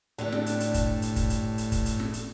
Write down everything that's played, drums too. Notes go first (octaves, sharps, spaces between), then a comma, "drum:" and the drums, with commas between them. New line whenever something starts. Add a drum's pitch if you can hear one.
A2 D3 D4 G4
drum: snare
drum: hi-hat
drum: hi-hat
drum: kick, hi-hat
drum: hi-hat
drum: kick, hi-hat
drum: hi-hat
drum: hi-hat
drum: kick, hi-hat
drum: hi-hat
drum: snare
drum: hi-hat